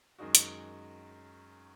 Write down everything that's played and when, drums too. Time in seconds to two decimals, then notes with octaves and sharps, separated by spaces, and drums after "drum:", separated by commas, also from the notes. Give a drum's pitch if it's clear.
0.19 F#2 D#3 G#3 D#4 F#4
0.35 drum: hi-hat